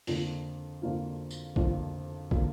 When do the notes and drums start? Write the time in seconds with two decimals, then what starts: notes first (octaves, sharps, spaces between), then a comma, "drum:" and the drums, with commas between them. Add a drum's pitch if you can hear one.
0.07 F2 D3 F3 A#3 F4, drum: open hi-hat
0.81 F2 D3 F3 A#3 F4
1.31 drum: tambourine
1.56 F2 D3 F3 A#3 F4, drum: kick
2.31 D3 F3 A#3 F4, drum: kick